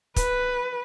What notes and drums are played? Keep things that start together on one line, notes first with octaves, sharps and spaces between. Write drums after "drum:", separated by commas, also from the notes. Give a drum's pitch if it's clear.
B4, drum: kick, hi-hat